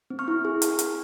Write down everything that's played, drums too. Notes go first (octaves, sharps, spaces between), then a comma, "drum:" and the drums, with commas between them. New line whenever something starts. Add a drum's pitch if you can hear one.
C4
C#6 F6
E4
G#4
drum: hi-hat
drum: hi-hat